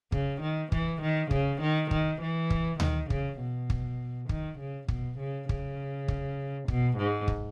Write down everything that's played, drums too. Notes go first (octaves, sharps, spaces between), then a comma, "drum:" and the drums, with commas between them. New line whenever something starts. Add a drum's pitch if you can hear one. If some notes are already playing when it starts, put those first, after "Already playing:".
C#3, drum: kick
D#3
E3, drum: kick
D#3
C#3, drum: kick
D#3
D#3, drum: kick
E3
drum: kick
D#3, drum: tom D2
C#3, drum: kick
B2
drum: kick
D#3, drum: kick
C#3
B2, drum: kick
C#3
C#3, drum: kick
drum: kick
B2, drum: kick
G#2
drum: kick